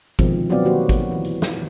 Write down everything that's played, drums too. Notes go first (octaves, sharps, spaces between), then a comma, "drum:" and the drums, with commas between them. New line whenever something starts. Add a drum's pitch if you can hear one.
B2 D3 D#3 F3 G#3 C4, drum: kick G#1, hi-hat
F#3 B3 C4 D5 F5
D#3 A#3 C4 F#4 G4 C5
drum: kick G#1, hi-hat
E3
drum: hi-hat
drum: snare